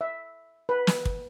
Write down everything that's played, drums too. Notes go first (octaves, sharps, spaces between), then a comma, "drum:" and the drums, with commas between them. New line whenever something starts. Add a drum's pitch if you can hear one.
E5
B4
drum: snare
drum: kick